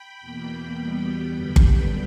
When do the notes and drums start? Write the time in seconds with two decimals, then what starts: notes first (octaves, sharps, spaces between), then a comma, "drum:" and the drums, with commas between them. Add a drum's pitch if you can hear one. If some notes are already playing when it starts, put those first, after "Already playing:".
Already playing: G5 B5
0.21 E2 B2 A#3
0.75 E2 B2 G3 B3
1.30 F#2 D3 G3 B3
1.56 drum: kick G1